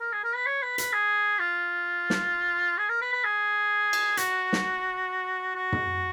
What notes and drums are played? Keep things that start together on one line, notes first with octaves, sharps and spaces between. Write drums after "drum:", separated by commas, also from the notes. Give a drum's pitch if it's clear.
A#4
G#4
A#4
B4
C#5
B4
B4, drum: hi-hat
G#4
F4
drum: snare
G#4
A#4
B4
B4
G#4
drum: cymbal
F#4, drum: hi-hat
drum: snare
F#4
drum: tom